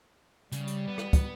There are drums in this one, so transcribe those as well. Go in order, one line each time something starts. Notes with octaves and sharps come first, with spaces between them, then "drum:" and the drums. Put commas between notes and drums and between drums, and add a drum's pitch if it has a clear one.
C#3 G3, drum: hi-hat
drum: hi-hat
B3
drum: rim click
drum: kick, hi-hat